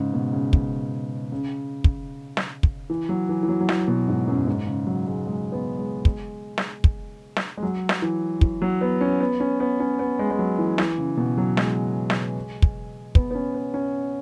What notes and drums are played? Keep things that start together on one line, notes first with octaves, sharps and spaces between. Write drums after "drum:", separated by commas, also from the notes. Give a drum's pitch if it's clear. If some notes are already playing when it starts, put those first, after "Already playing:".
Already playing: G#2 C#3
B2
C#3
drum: kick
C#3
drum: kick
drum: snare
drum: kick
E3
F#3
E3
E3
F#3
F#3
E3, drum: snare
B2
G#2
F#2
G#2
C#3
F#3
G#3
G#3
B3
G#3
drum: kick
drum: snare
drum: kick
drum: snare
G#3
F#3
drum: snare
E3
E3, drum: kick
F#3
B3
C#4
B3
C#4
B3
C#4
B3
G#3
G#3
F#3
E3
E3, drum: snare
C#3
B2
F#3
G#3, drum: snare
drum: snare
drum: kick
B3, drum: kick
B3
C#4
B3
C#4